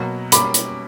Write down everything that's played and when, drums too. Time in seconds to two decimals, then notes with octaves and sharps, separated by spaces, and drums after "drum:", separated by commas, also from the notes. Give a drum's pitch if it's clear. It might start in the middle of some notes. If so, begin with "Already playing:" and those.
Already playing: B2 F#3 A#3
0.32 B2 G3 A#3 C#4 B5 D6, drum: hi-hat
0.54 drum: hi-hat